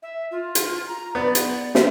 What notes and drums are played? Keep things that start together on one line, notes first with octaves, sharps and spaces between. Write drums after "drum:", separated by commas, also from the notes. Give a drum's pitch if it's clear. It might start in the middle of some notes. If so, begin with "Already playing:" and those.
E5
F4
drum: hi-hat
A#5
B3 D5
drum: hi-hat
drum: snare